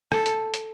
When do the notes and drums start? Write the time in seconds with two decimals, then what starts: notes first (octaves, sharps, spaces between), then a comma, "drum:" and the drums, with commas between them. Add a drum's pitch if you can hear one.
0.12 A4, drum: rim click
0.26 drum: hi-hat
0.54 drum: hi-hat